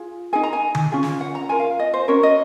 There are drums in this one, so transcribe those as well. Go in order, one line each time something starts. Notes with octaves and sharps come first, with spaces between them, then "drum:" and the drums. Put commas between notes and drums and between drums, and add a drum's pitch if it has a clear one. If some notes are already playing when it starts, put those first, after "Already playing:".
Already playing: F4 G#4
D#4 G#4 G#5
A#5
G#5
drum: tom D3
C#4 F4 G#4
drum: snare
F#5
A#5
F4 A#4 G#5
F5
D#5
C5
C#4 F#4 A#4 C#5
D#5